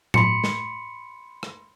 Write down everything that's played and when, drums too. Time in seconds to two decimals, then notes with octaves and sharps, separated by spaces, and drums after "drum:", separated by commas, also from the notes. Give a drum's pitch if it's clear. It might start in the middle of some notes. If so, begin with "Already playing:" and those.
0.14 B5 C6 C#7, drum: tom A2
0.44 drum: snare
1.43 drum: rim click